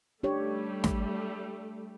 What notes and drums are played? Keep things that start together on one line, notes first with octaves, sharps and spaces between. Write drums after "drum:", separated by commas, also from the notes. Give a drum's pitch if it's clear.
G3 A3 D4 G4 C#5
drum: snare